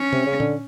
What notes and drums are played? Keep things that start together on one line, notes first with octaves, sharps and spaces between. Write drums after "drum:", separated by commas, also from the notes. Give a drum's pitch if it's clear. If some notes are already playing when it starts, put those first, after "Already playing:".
Already playing: C#4
C3, drum: tom
C#3
D3, drum: tom A#2